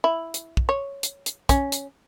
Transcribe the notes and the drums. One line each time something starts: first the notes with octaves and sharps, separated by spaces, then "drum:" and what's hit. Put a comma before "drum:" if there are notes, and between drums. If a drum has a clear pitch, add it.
E4
drum: hi-hat
drum: kick
C#5
drum: hi-hat
drum: hi-hat
C#4, drum: kick, hi-hat
drum: hi-hat